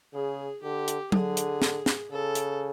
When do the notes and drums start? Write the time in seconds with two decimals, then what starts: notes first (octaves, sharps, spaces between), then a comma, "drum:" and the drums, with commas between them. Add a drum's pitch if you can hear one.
0.14 C#3 G#4
0.63 D3 G4
0.88 drum: hi-hat
1.12 D3 G#4, drum: tom F#3
1.37 drum: hi-hat
1.62 drum: snare
1.86 drum: snare
2.11 C#3 A4
2.35 drum: hi-hat